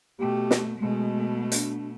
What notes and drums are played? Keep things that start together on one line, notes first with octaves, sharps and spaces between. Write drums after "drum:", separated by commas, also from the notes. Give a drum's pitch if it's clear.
B2 A3 G4
drum: snare
B2 G#3 A3
D4, drum: hi-hat